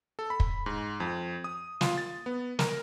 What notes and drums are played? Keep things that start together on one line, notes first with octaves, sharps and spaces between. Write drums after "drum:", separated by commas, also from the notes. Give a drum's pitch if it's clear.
A4
B5
drum: kick
G#2
F2
D#6
F4, drum: snare
A6
B3
A#4, drum: snare